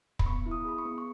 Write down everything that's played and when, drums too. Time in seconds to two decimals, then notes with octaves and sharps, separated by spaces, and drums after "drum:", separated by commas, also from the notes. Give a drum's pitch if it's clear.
0.19 B5, drum: kick
0.26 B3 C#6
0.46 E4
0.51 D#6
0.65 G#4 B5
0.78 C#6
0.85 B3
0.98 C#6